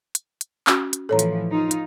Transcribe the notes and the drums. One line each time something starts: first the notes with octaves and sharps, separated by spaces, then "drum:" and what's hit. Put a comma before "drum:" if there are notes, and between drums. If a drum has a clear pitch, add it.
drum: hi-hat
drum: hi-hat
C#4 F#4, drum: clap
drum: hi-hat
A2 E3 F3 A4 C#5 A#5
drum: hi-hat
D#4 F4
drum: hi-hat